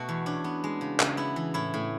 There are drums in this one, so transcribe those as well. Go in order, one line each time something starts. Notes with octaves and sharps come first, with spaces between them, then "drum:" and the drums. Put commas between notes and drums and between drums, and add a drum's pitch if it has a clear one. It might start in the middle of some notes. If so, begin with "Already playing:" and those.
Already playing: B2 A3 F#4 A4
E2
C#4 D4
B3
G#3
C#3
C#3, drum: clap
B3 E4
E3
A2 E4
A2